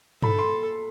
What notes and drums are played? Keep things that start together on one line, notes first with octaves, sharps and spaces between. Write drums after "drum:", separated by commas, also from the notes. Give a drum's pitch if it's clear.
A4 B5, drum: tom G2
C6